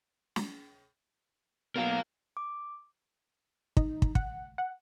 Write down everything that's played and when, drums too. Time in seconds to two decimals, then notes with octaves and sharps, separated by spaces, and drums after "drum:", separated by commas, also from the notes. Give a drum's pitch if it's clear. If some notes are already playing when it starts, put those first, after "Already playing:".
0.36 drum: snare
1.76 B2 F#3 A#4 F5
2.37 D6
3.77 D#4, drum: kick
4.02 drum: kick
4.15 F#5, drum: kick
4.58 F#5